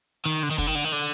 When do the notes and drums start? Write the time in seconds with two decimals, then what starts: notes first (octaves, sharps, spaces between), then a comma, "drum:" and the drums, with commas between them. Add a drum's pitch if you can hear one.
0.25 D#3
0.43 D3
0.51 D#3
0.58 D3, drum: kick
0.67 D#3
0.75 D3
0.84 D#3
0.92 D3